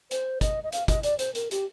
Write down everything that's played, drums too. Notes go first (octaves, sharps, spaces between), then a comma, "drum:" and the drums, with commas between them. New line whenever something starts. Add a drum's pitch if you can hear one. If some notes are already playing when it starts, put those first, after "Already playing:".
C5, drum: hi-hat
D#5, drum: kick, hi-hat
D#5
F5, drum: hi-hat
D#5, drum: kick, hi-hat
D5, drum: hi-hat
C5, drum: hi-hat
A#4, drum: hi-hat
G4, drum: hi-hat